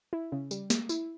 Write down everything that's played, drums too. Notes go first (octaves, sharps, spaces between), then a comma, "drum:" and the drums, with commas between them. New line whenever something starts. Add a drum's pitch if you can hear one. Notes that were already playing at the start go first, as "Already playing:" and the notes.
E4
C#3
G3, drum: tambourine
A#3, drum: snare
E4, drum: tambourine